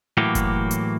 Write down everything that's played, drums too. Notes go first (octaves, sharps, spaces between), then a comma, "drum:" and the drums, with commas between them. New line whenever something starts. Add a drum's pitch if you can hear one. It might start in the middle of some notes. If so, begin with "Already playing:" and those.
A2 E3 F#3 A#3 F#4 G4
drum: kick F#1, hi-hat
drum: hi-hat